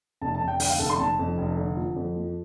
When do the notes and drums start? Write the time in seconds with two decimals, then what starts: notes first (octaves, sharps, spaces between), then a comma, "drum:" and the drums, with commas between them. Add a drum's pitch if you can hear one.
0.22 F1 A5
0.35 A5
0.41 F1
0.48 G5
0.60 D3 G5, drum: open hi-hat
0.69 F5
0.79 F1 A4
0.90 C6
0.99 F1 A5
1.19 F2
1.38 F1
1.57 D3
1.77 F3
1.96 F2
2.16 F3